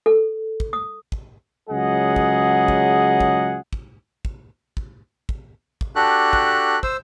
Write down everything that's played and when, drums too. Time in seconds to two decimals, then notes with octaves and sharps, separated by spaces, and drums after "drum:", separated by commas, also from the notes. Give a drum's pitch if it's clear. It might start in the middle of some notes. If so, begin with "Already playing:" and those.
0.06 A4
0.60 drum: kick
0.73 D#6
1.12 drum: kick
1.69 C#2 F#3 G#4 D#5 F#5
2.16 drum: kick
2.68 drum: kick
3.20 drum: kick
3.73 drum: kick
4.25 drum: kick
4.77 drum: kick
5.29 drum: kick
5.81 drum: kick
5.95 D4 F#4 G4 A4 F#6
6.33 drum: kick
6.83 C5 E6, drum: kick